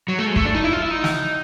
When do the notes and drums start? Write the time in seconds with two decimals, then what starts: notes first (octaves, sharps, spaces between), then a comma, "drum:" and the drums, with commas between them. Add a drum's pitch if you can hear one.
0.08 F#3
0.19 A3
0.27 G#3
0.36 A3, drum: kick
0.45 D4
0.55 D#4
0.64 E4
0.73 F4
0.82 E4
0.91 D#4
1.04 drum: snare